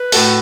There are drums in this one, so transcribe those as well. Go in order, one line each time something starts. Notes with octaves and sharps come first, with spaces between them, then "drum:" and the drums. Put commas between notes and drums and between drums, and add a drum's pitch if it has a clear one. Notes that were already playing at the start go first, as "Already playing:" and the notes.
Already playing: B4
A2 A3 F#4 A4, drum: open hi-hat